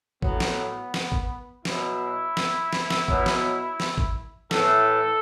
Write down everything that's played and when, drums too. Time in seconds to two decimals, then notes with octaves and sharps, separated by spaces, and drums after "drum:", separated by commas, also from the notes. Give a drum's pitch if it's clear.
0.22 A2 F#3 B3, drum: kick
0.40 drum: snare
0.94 drum: snare
1.12 drum: kick
1.65 B2 F#3 E4, drum: snare
2.37 drum: snare
2.73 drum: snare
2.90 drum: snare
3.08 B2 F#3, drum: kick
3.26 drum: snare
3.80 drum: snare
3.98 drum: kick
4.51 A2 E3 A4, drum: snare